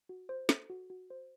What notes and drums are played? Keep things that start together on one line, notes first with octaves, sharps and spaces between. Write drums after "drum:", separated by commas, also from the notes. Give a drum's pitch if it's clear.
F#4
C5
A4, drum: snare
F#4
F#4
C5